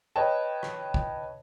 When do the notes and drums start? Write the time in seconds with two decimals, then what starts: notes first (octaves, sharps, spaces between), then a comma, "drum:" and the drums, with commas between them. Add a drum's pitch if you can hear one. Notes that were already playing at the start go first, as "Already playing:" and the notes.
0.16 B4 C#5 D#5 G5 A5
0.63 drum: rim click
0.94 drum: kick